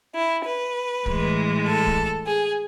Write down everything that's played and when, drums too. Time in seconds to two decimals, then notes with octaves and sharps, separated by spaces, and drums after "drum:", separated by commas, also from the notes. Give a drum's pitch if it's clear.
0.15 E4
0.45 B4
1.06 A2 E3 G#3, drum: kick
1.66 A4
1.87 drum: kick
2.27 G#4